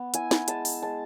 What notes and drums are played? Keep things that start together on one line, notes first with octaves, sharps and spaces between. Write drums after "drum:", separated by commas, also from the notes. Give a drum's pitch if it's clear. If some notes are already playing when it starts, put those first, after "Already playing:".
Already playing: B3
E4 G#5, drum: hi-hat
drum: snare
G#3 A5, drum: hi-hat
drum: open hi-hat
G#3 A5